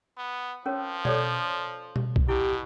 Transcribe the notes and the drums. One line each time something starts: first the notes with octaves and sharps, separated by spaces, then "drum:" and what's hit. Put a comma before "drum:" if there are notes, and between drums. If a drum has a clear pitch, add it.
B3
F3 C#4 A#4 C#5
A4 C#5 D5, drum: tom B2
drum: tom B2
drum: kick B1
B2 E4 G4